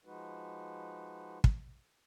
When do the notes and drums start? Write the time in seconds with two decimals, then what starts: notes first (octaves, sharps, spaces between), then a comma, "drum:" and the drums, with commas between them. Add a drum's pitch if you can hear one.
0.05 F3 G#3 D#4 F#4 B4
1.44 drum: kick